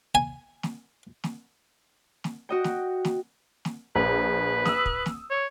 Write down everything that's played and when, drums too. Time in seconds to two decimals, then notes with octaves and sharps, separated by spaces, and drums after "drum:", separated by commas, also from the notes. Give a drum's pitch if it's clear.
0.15 G#5
0.63 drum: snare
1.24 drum: snare
2.24 drum: snare
2.49 F#4 D#5 G5
2.64 drum: snare
3.05 drum: snare
3.65 drum: snare
3.96 A#1 B4
4.65 D#6 E6, drum: snare
4.86 drum: kick
5.06 drum: snare
5.31 C#5